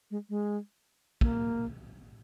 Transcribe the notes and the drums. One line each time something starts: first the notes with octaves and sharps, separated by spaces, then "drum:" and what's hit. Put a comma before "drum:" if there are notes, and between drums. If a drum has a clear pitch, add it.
G#3
G#3
A#3, drum: kick